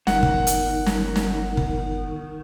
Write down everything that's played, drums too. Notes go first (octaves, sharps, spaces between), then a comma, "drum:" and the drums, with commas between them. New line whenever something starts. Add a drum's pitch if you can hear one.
G1 D#3 F#5, drum: snare
drum: kick
drum: hi-hat
drum: snare
drum: snare
drum: kick